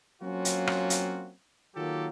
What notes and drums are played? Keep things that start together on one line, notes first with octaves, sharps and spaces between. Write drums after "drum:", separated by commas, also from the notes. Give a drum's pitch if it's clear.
F#3 A#3 C4 C#4 F4 F#4
drum: hi-hat
drum: rim click
drum: hi-hat
D#3 F#3 A#3 F4 G4 A4